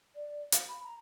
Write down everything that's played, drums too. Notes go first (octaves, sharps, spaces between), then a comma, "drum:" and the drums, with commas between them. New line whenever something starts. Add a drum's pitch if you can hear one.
D5
F5, drum: hi-hat
B5
A#5